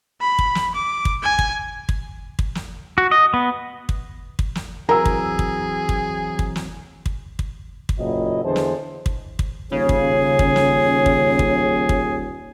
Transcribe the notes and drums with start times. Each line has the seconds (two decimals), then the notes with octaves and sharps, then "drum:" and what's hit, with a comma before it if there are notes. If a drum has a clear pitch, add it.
0.21 B5
0.39 drum: kick
0.55 drum: snare
0.75 D6
1.05 drum: kick
1.23 G#5
1.39 drum: kick
1.89 drum: kick
2.39 drum: kick
2.55 drum: snare
2.98 F#4
3.11 D#5
3.34 B3
3.89 drum: kick
4.39 drum: kick
4.55 drum: snare
4.89 E3 F#3 C4 G#4 A#4 A#5 E6
5.05 drum: kick
5.39 drum: kick
5.89 drum: kick
6.39 drum: kick
6.56 drum: snare
7.06 drum: kick
7.39 drum: kick
7.89 drum: kick
7.99 F#1 A#2 F#3 E4 D#5
8.43 E2 D3 E3 G#3 C5 A5
8.56 drum: snare
9.06 drum: kick
9.39 drum: kick
9.72 D#1 C#3 G#4 C#5
9.89 drum: kick
10.39 drum: kick
10.56 drum: snare
11.06 drum: kick
11.39 drum: kick
11.89 drum: kick